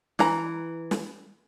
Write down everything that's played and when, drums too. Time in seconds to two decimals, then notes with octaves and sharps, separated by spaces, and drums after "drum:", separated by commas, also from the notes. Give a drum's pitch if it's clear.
0.19 E3 A#5, drum: snare
0.91 drum: snare